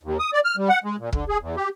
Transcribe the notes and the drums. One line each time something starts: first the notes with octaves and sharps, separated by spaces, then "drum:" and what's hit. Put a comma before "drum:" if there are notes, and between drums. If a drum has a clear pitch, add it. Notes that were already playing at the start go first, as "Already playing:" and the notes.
D#2
D#6
D5
F6
G3
F#5
G#3
A#2
D3, drum: kick
G#4
E2
G4